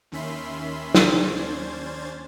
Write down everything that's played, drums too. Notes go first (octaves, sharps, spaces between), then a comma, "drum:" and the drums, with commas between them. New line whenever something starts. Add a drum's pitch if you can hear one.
D#2 D#3 C#4 E5 B5 C6
D#2 C#4 D4 C5 G#6 A6, drum: snare